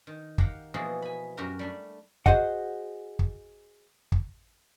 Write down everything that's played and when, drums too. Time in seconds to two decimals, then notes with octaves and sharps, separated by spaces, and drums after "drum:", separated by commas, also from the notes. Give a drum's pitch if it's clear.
0.07 D#3
0.38 G4 A#4 F5 F#5, drum: kick
0.74 B2 E3 F3 A#3 E4 G#4
1.02 G#5 B5
1.37 F#2 F#4 G4 A#4 A#5
1.59 G3 A3 D4
2.26 F#4 G#4 C5 D#5 F#5, drum: kick
3.19 drum: kick
4.12 drum: kick